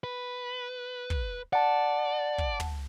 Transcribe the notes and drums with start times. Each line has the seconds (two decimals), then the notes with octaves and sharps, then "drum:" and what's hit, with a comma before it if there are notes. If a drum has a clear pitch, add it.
0.04 B4
1.10 drum: kick
1.53 D5 F#5 A5
2.38 drum: kick
2.60 drum: tom